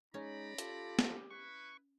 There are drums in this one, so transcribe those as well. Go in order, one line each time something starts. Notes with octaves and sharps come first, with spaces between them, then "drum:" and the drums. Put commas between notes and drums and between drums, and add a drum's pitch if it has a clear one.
G#3 C#4 D#4 D5 A#5 B5
F4 G4 A4, drum: hi-hat
drum: snare
E4 B4 C#6